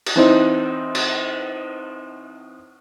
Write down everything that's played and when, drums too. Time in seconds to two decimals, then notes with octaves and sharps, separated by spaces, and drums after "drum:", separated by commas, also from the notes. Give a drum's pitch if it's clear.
0.06 drum: cymbal
0.16 E3 C4 D#4
0.95 drum: cymbal